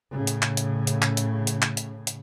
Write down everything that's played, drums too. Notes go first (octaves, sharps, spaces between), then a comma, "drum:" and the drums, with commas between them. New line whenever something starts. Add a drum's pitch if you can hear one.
A2 C#3
drum: hi-hat
drum: clap
drum: hi-hat
drum: hi-hat
drum: clap
drum: hi-hat
drum: hi-hat
drum: clap
drum: hi-hat
drum: hi-hat